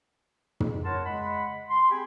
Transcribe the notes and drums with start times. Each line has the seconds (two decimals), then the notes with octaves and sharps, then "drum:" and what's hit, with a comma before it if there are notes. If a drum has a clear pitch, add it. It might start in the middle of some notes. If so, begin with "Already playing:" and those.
0.60 drum: tom
0.85 E4 A#4 C#5 F#5 A5 C6
1.05 C#3 G#3 D#5 F#5 B5
1.70 C6
1.90 C4 G4 G#4 G5 G#5 B5